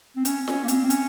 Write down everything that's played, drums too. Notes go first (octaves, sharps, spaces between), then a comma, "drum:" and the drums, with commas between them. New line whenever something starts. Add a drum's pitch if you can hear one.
C4
C#4, drum: hi-hat
C#4, drum: snare
A#3
C4, drum: hi-hat
C4
C#4, drum: hi-hat